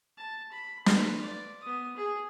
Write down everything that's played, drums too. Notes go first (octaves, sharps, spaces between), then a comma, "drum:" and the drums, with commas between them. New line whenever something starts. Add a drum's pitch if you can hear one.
A5
B5
F4 B4, drum: snare
D5
B3 D#6
G#4